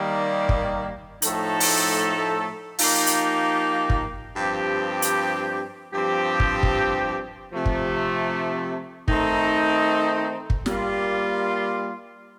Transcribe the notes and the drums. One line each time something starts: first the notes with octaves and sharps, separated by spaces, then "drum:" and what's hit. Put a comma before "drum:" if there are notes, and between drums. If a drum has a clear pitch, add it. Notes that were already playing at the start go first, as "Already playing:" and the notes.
Already playing: D#3 G3 A#3
drum: kick
A2 F3 A3 D#4 A4, drum: hi-hat
drum: open hi-hat
F3 A#3 D#4 G4, drum: open hi-hat
drum: hi-hat
drum: kick
G2 F3 C4 G4
drum: hi-hat
G2 F3 C4 G4
drum: kick
drum: kick
C3 F3 A3
drum: kick
D#3 A3 C4 D#4, drum: kick
drum: kick
G3 A#3 F4, drum: snare